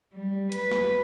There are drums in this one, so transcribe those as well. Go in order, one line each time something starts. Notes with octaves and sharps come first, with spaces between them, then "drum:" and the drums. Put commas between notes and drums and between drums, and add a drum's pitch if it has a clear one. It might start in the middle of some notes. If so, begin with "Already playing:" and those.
G3
B4, drum: hi-hat
drum: snare